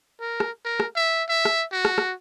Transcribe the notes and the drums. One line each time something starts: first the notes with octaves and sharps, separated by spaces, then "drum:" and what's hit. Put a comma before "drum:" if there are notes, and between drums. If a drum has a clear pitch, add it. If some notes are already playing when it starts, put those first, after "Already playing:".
A#4
drum: rim click
A#4
drum: rim click
E5
E5
drum: rim click
F#4
drum: rim click
drum: rim click